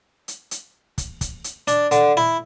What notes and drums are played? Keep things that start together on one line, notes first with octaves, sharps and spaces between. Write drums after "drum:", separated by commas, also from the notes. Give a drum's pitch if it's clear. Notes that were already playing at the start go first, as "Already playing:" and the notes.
drum: hi-hat
drum: hi-hat
drum: kick, hi-hat
drum: kick, hi-hat
drum: hi-hat
D4, drum: hi-hat
D3, drum: hi-hat
E4